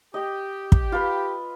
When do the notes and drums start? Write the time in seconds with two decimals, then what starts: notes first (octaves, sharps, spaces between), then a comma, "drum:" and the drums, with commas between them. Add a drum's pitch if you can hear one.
0.14 G4 D#5
0.72 drum: kick
0.92 F4 B4